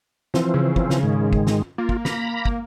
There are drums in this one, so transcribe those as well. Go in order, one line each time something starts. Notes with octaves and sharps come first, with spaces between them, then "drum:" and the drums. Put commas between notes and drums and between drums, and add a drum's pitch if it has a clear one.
E3 F3 C4, drum: snare
C#3
drum: kick
drum: snare
G#2 D#3 G#3
drum: kick
drum: snare
A#3 F4
drum: kick
A#5 B5, drum: snare
drum: kick